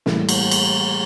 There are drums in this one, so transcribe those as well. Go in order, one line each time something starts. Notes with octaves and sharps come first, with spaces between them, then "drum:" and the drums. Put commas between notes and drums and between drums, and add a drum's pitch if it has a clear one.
A2 E3 G3 A#3, drum: snare
drum: cymbal
drum: cymbal